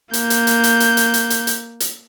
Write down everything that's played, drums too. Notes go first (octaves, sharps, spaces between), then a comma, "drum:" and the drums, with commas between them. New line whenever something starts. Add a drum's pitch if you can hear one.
A#3 G6, drum: hi-hat
drum: hi-hat
drum: hi-hat
drum: hi-hat
drum: hi-hat
drum: hi-hat
drum: hi-hat
drum: hi-hat
drum: hi-hat
drum: hi-hat